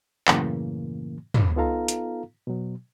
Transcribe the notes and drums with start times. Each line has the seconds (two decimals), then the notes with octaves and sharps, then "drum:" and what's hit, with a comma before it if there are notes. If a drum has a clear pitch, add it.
0.28 F#2 A2 C#3 E3 A#3, drum: clap
1.34 drum: tom
1.56 B3 D#4 F4 A4 F5 A#5
1.88 drum: hi-hat
2.47 B2 F#3